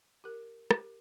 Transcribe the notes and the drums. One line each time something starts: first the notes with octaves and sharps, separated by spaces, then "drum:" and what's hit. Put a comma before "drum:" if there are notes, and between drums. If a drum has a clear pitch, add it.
G4 A#4
G4 A#4, drum: rim click